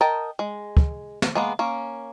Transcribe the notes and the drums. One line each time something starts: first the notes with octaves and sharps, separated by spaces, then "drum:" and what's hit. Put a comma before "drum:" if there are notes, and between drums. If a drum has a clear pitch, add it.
A#4 D#5 G5 A5
G#3
drum: kick
drum: snare
G#3 A#3 B3
A#3 C#4